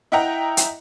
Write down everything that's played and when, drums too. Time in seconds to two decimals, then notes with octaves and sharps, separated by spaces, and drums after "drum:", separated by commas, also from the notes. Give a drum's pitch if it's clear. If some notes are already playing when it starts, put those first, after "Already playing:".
0.12 E4 D#5 E5 F#5 G5 A#5
0.57 drum: hi-hat